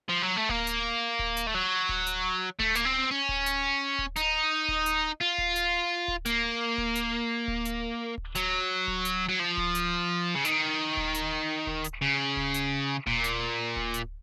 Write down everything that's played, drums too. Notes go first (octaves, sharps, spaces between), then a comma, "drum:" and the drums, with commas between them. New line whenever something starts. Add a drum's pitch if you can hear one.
F3
F#3
A3
A#3, drum: kick D1
drum: hi-hat
drum: kick D1
drum: hi-hat
A3
F#3
drum: kick D1
drum: hi-hat
A3, drum: kick D1
A#3, drum: hi-hat
C4
C#4
drum: kick D1
drum: hi-hat
drum: kick D1
D#4, drum: hi-hat
drum: kick D1
drum: hi-hat
F4
drum: kick D1
drum: hi-hat
drum: kick D1
A#3, drum: hi-hat
drum: kick D1
drum: hi-hat
drum: kick D1
drum: hi-hat
drum: kick D1
F#3, drum: hi-hat
drum: kick D1
drum: hi-hat
F#3
F3
drum: kick D1
drum: hi-hat
C#3
D#3, drum: hi-hat
drum: kick D1
drum: hi-hat
drum: kick D1
drum: hi-hat
C#3
drum: kick D1
drum: hi-hat
A#2, drum: kick D1
drum: hi-hat
drum: kick D1
drum: hi-hat